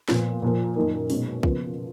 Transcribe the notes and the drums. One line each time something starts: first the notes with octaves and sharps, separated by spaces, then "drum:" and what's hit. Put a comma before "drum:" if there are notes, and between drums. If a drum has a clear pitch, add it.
A#2 F3 B3 F4, drum: snare
A#2 F3 A#3
F#2 D#3 A#3 D#4 A#4
B2 G#3 C#4, drum: open hi-hat
C#3 F3 B3 F4 A#4, drum: kick